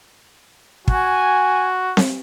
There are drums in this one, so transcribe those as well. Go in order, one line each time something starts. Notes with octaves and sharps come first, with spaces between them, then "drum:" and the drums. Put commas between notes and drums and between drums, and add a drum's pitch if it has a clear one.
F#4 G#5, drum: kick
drum: snare C4